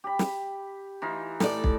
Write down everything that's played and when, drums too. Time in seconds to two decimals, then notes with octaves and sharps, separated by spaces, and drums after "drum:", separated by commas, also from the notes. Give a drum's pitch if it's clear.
0.04 G4 B5
0.19 drum: snare
1.02 E3 D#4 F4
1.40 A2 A4 D5, drum: snare
1.64 drum: kick